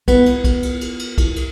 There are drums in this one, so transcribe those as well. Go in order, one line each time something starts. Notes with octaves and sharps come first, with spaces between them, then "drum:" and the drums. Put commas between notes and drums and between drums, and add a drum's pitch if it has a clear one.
B3, drum: kick, cymbal
drum: cymbal
drum: kick, cymbal
drum: cymbal
drum: cymbal
drum: cymbal
drum: kick, cymbal
drum: cymbal